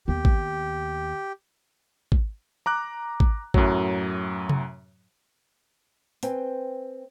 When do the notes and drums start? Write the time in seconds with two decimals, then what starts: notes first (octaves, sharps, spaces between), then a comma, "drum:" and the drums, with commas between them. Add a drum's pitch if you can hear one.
0.08 D#2 B3 G4
0.25 drum: kick
2.12 drum: kick
2.66 A#5 D6 F#6
3.20 drum: kick
3.54 F#2 A2 F#3, drum: kick
4.49 drum: tom C3
6.23 C4 B4 C5 G5 G#5, drum: hi-hat